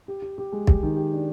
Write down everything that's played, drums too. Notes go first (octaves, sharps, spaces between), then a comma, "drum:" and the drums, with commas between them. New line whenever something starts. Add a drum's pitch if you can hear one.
G4
G4
G4
G#3
G4, drum: kick
D#3
G4
D4